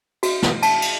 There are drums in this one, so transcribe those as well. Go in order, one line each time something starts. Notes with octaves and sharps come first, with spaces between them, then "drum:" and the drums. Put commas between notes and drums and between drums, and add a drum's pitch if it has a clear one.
F#4, drum: cymbal
drum: snare
A5, drum: cymbal
drum: cymbal